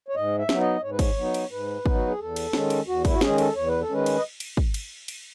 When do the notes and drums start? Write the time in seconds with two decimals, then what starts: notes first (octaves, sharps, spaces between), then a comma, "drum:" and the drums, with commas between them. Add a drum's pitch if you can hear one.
0.08 C#5
0.16 G#2 D#5
0.38 E5
0.49 F#3 B3 D#4, drum: snare
0.61 D#5
0.83 G#2 C#5
0.91 B4
0.99 C#5, drum: kick, cymbal
1.17 F#3 B3 D#4
1.34 drum: cymbal
1.51 G#2 B4
1.86 F#3 B3 D#4, drum: kick
1.95 F#4
2.07 G#4
2.19 E2 A4
2.36 drum: cymbal
2.53 D#3 G#3 C#4, drum: snare
2.70 drum: cymbal
2.87 E2 F#4
3.05 E4, drum: kick, cymbal
3.13 F#4
3.21 D#3 G#3 C#4 G#4, drum: snare
3.38 A4, drum: cymbal
3.55 E2 C#5
3.68 B4
3.81 A4
3.89 D#3 G#3 C#4 B4
4.06 drum: cymbal
4.16 D#5
4.40 drum: cymbal
4.57 drum: kick
4.74 drum: cymbal
5.08 drum: cymbal